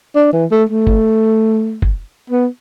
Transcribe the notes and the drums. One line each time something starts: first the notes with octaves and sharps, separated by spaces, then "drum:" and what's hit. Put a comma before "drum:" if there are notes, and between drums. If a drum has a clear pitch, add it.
D4
E3
A3
A3
drum: kick
drum: kick
B3